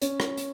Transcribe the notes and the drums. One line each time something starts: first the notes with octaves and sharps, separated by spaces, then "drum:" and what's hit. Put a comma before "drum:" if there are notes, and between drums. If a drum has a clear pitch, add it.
C#4, drum: hi-hat
drum: rim click
drum: hi-hat